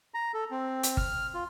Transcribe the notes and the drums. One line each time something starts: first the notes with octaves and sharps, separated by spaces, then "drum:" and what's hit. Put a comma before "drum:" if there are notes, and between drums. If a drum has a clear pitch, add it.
A#5
A4
C4
drum: hi-hat
F6, drum: kick G1
F4